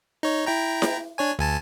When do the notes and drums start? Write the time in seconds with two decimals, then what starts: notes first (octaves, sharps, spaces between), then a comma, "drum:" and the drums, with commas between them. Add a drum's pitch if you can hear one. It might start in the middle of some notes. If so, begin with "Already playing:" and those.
0.23 D#4 C#5
0.46 E4 G5 A#5
0.82 drum: snare E4
1.18 D4 C#5 G#5
1.39 D2 G#5 A5